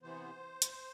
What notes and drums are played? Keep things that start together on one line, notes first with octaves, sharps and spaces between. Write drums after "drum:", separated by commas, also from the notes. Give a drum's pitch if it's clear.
C3 E3 B3 C5
drum: hi-hat